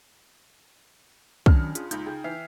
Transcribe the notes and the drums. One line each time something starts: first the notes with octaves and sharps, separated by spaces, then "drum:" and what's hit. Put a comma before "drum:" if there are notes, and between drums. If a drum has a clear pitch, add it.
C#2 D#3 F#3 C#4 D4 C#5 F6, drum: kick
F4 G#4, drum: hi-hat
C#2 D#4 G6, drum: hi-hat
C#3 G5
E3 E5 F6 C7